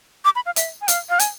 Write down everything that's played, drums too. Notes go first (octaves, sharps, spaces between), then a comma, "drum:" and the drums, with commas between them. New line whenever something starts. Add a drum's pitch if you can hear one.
D6
B5
F5
E5, drum: hi-hat
G#5
F5, drum: hi-hat
F5
G#5, drum: hi-hat